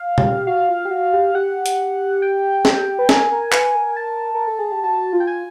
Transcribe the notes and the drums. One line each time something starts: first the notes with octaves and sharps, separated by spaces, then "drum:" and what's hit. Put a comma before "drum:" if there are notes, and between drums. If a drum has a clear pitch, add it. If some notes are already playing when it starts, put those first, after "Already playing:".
Already playing: F5
G4, drum: tom B2
F#4 F5
F4
G4
F#4
G4
G4 F#5
drum: hi-hat
G5
drum: snare
B4
A#4 G#5, drum: snare
A#4
B4, drum: clap
A#4
A5
A#4
A4
G#4
G4
F#4 A5
F4
G5
G#5